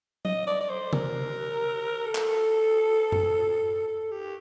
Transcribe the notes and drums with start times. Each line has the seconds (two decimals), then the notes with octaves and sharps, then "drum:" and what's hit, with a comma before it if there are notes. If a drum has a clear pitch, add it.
0.25 D#5, drum: tom F#3
0.47 D5
0.61 D5
0.70 C5
0.93 A#4, drum: tom C3
2.06 A4
2.15 drum: clap
3.12 drum: tom F#2
3.88 A4
4.11 G4